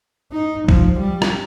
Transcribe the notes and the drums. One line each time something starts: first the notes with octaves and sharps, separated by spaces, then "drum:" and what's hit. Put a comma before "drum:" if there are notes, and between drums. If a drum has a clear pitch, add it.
D#4
F3, drum: kick
G3
drum: rim click